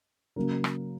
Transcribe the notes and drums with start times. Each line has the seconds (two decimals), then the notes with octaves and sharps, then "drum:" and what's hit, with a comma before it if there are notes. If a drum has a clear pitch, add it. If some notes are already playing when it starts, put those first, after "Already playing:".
0.36 C#3 F#3 A#3 A#4
0.64 drum: rim click